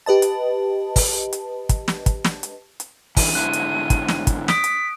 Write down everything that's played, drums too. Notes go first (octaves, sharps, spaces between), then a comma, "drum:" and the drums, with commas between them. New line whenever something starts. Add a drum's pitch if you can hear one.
G4 B4 D#5 A5
drum: hi-hat
drum: kick, open hi-hat
drum: hi-hat
drum: kick, hi-hat
drum: snare
drum: kick, hi-hat
drum: snare
drum: hi-hat
drum: hi-hat
D3 E3 D#7, drum: kick, open hi-hat
G#2 D3 E4 F#6
drum: hi-hat
drum: kick, hi-hat
drum: snare
drum: kick, hi-hat
D#6 B6 D7, drum: snare
drum: hi-hat